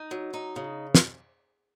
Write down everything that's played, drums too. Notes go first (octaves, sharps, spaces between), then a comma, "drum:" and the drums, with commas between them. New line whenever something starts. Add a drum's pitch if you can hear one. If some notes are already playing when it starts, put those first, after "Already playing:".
Already playing: D#4
F#3
D#4
C#3
drum: snare